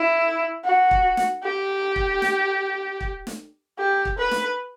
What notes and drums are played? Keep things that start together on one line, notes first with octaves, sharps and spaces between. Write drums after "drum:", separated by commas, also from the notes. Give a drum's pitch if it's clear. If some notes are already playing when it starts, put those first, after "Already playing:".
Already playing: E4
F#4
drum: kick
drum: snare
G4
drum: kick
drum: snare
drum: kick
drum: snare
G4
drum: kick
B4
drum: snare